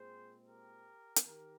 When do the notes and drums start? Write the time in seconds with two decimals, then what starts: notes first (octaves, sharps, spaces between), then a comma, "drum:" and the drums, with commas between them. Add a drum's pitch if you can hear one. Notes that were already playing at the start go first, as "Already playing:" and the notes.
Already playing: A#2 G#3 C4 G#4 C5
0.46 G4 A#4
1.16 drum: hi-hat
1.26 D#3 G4 A#4